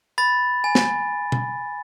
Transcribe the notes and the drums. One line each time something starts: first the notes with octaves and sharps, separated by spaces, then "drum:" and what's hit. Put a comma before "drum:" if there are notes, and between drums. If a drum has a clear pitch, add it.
B5 A6
G#5
drum: snare
drum: tom B2